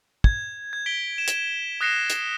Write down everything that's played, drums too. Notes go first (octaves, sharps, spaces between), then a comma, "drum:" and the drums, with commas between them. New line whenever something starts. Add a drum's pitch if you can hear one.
G#6, drum: kick
G#6
B6 D7 G7
E7
drum: hi-hat
D#6 F#6 A#6 C7 C#7 E7
drum: hi-hat